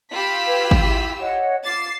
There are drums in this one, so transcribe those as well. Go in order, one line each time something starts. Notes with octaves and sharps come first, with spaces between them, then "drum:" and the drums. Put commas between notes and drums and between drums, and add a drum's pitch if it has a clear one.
F4 G4 B5 E6 B6
B4 G#6
drum: kick G#1
E4 G#4
C#5 D#5 F#5
F4 D6 A6 C7 E7